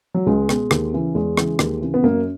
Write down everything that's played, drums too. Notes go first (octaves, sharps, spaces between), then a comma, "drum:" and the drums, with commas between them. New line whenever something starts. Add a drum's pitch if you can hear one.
F#3
C#2 G#3
B2, drum: rim click
D#2, drum: rim click
C#3 E3
E2 G#3
C#3 E3, drum: rim click
D#2, drum: rim click
C#3 E3
B3
F#2 A#3